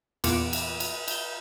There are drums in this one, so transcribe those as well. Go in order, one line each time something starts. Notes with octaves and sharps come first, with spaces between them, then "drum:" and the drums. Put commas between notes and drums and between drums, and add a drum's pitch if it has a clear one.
E2 A#2 F4 F#5 D6, drum: cymbal
drum: cymbal
drum: cymbal
G6, drum: cymbal